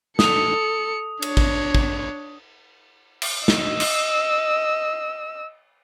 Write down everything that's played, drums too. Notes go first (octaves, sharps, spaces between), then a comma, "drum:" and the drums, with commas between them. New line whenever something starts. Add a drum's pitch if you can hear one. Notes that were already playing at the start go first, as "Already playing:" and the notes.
A4 D#6 C#7 F7, drum: snare
D4 C#5, drum: cymbal
drum: kick A1
drum: kick A1
drum: cymbal
D#5 E6, drum: snare
drum: cymbal